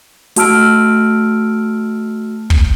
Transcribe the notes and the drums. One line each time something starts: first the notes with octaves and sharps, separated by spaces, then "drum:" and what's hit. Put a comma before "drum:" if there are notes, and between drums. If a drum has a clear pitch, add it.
A3 F#4 A5 E6 F6 D7, drum: hi-hat
drum: kick